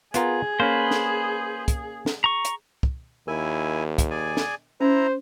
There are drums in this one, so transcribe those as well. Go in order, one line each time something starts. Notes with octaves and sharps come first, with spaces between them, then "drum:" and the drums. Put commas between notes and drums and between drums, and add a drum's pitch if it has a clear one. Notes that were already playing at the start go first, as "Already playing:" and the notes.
B3 F4 G#4 A#4, drum: hi-hat
A#3 C#4 B4 C5
drum: snare
drum: kick, hi-hat
drum: snare
A#5 C#6
drum: hi-hat
drum: kick
D#2 E4 A#4 G#5
drum: kick, hi-hat
G#4 D5 G#5
drum: snare
C#4 E4 C5 A#5